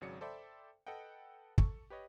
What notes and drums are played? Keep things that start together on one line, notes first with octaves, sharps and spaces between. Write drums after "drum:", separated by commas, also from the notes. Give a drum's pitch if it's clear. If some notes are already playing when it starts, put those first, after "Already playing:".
G#1 C#3 F#3 D5 C#7
A4 C5 D5 E5 G5 B5
A4 B4 D#5 F#5 G5
A4 C#6, drum: kick
G4 B4 C#5 D#5